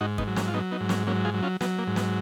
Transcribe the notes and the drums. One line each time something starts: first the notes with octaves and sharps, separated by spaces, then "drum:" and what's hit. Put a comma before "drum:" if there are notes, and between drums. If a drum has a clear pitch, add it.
G#2 D#4 F#4
B3 D#4, drum: kick
F#3
A#3 C#4, drum: snare
F4
F#3 B3 D#4
B3 D#4
G#2
A#3 C#4, drum: snare
F#3 A#3 C#4
F4 G#4
F#3
C#4 F4
F#3 B3, drum: snare
A#3
G#2
B3, drum: snare